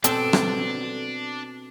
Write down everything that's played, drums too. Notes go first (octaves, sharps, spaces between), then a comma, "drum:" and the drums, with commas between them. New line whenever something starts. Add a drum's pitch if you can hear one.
B2 C4 D4 A4, drum: hi-hat
drum: rim click